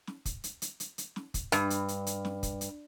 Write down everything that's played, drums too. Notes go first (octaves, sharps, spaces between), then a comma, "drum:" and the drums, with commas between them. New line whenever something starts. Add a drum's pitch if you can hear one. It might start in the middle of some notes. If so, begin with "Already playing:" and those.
drum: snare
drum: kick, hi-hat
drum: hi-hat
drum: hi-hat
drum: hi-hat
drum: hi-hat
drum: snare
drum: kick, hi-hat
G2, drum: hi-hat
drum: hi-hat
drum: hi-hat
drum: hi-hat
drum: snare
drum: kick, hi-hat
drum: hi-hat